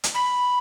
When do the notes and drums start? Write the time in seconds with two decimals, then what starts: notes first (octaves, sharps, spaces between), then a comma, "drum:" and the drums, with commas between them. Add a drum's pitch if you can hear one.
0.04 drum: hi-hat
0.14 B5